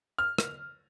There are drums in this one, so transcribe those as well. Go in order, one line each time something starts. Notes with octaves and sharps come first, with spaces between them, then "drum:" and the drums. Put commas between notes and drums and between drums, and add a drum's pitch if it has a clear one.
F6
drum: rim click